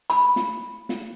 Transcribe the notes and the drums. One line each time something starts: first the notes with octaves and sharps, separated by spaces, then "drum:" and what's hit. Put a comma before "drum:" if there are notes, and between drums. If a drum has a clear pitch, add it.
B5, drum: hi-hat
drum: snare
drum: snare